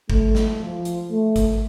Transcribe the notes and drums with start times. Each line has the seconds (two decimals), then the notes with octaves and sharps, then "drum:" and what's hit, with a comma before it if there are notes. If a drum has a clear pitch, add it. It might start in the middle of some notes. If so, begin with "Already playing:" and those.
0.10 A3, drum: kick G#1
0.35 drum: snare
0.60 F3
0.85 drum: hi-hat
1.10 A3
1.36 drum: kick G#1, hi-hat